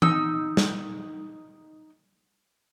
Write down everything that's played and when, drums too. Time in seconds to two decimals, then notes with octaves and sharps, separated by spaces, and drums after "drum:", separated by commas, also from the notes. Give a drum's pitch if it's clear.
0.02 D#4 E6, drum: tom E3
0.57 drum: snare